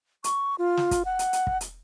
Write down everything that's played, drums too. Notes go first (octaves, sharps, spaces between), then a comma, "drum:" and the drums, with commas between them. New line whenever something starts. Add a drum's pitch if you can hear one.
C#6, drum: hi-hat
F4
drum: snare
drum: kick, hi-hat
F#5
drum: hi-hat
drum: hi-hat
drum: kick
drum: hi-hat